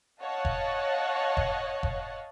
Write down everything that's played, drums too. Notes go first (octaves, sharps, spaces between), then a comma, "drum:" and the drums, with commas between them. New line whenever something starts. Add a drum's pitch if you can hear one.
C#5 D#5 F5 F#5 A5
drum: kick F1
drum: kick F1
drum: kick F1